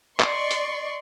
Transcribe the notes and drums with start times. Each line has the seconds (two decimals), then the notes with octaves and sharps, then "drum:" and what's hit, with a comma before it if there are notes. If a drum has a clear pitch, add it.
0.20 D5 D#5 C6 C#6, drum: clap
0.51 drum: hi-hat